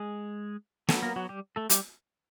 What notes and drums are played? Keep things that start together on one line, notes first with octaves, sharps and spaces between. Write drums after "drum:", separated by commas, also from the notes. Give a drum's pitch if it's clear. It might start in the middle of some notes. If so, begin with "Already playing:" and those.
Already playing: G#3 G#4
F#3 A3 B3 A4, drum: snare
A#3 A#4
F#3 F#4
G3 G4
A3 A4
G3 G4, drum: hi-hat